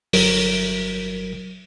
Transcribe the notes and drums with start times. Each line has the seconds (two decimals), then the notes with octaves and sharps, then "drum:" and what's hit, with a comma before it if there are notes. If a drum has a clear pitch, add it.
0.13 G1 F#3 A#4, drum: open hi-hat